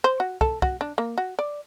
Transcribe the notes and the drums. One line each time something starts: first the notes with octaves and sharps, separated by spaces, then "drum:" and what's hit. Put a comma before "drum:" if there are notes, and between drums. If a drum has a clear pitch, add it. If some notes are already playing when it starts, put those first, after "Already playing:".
C5
F#4
A4, drum: kick
F#4, drum: kick
D4
A#3
F#4
D5